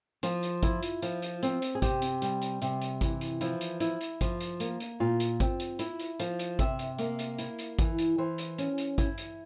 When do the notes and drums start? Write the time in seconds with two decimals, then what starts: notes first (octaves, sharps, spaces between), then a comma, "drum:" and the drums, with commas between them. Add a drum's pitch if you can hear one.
0.23 F3 F4, drum: hi-hat
0.43 drum: hi-hat
0.63 E4, drum: kick G#1, hi-hat
0.83 drum: hi-hat
1.02 F3, drum: hi-hat
1.22 drum: hi-hat
1.43 C4, drum: hi-hat
1.62 drum: hi-hat
1.75 G#4
1.82 C3 G4, drum: kick G#1, hi-hat
2.02 drum: hi-hat
2.22 G3, drum: hi-hat
2.42 drum: hi-hat
2.62 C3, drum: hi-hat
2.81 drum: hi-hat
3.01 E3, drum: kick G#1, hi-hat
3.21 drum: hi-hat
3.41 F3 E4, drum: hi-hat
3.61 drum: hi-hat
3.80 E4, drum: hi-hat
4.01 drum: hi-hat
4.21 F3, drum: kick G#1, hi-hat
4.41 drum: hi-hat
4.60 A#3, drum: hi-hat
4.80 drum: hi-hat
5.00 A#2 F4
5.20 drum: hi-hat
5.40 C4, drum: kick G#1, hi-hat
5.60 drum: hi-hat
5.79 E4, drum: hi-hat
6.00 drum: hi-hat
6.20 F3, drum: hi-hat
6.39 drum: hi-hat
6.59 C3 E5, drum: kick G#1, hi-hat
6.79 drum: hi-hat
6.99 A#3, drum: hi-hat
7.19 drum: hi-hat
7.39 E4, drum: hi-hat
7.59 drum: hi-hat
7.79 E3, drum: kick G#1, hi-hat
7.98 drum: hi-hat
8.18 E3 C5
8.38 drum: hi-hat
8.58 C#4, drum: hi-hat
8.78 drum: hi-hat
8.98 E4, drum: kick G#1, hi-hat
9.18 drum: hi-hat